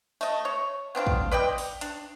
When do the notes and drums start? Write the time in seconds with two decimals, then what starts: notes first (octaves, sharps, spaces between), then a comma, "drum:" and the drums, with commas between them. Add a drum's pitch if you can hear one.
0.21 A3 D#5, drum: tambourine
0.45 C#5
0.95 B3 C4 D4 F4
1.06 drum: kick
1.31 B4 D5 D#5 G5
1.58 drum: open hi-hat
1.81 D4, drum: hi-hat